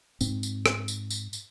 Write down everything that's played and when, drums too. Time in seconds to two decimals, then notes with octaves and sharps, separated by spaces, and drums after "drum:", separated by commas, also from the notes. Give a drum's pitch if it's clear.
0.21 G#2 C4, drum: tambourine
0.43 drum: tambourine
0.66 drum: rim click
0.88 drum: tambourine
1.10 drum: tambourine
1.33 drum: tambourine